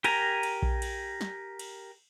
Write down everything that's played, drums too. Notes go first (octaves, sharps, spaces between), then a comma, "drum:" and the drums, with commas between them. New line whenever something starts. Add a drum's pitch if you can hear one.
G4 A#4 G#5 A#5, drum: cymbal
drum: cymbal
drum: kick A#1
drum: cymbal
drum: snare
drum: cymbal